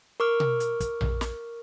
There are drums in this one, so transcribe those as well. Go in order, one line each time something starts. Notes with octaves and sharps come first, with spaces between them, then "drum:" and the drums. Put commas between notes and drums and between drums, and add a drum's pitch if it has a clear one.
A#4 C#6 D6 F6
drum: tom B2
drum: hi-hat
drum: kick, hi-hat
drum: tom A#1
drum: snare